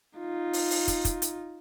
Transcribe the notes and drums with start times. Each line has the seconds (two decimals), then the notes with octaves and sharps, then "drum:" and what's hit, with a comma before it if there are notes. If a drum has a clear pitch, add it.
0.19 D#4 F4
0.53 drum: open hi-hat
0.70 drum: open hi-hat
0.88 drum: kick, hi-hat
1.05 drum: kick, hi-hat
1.22 drum: hi-hat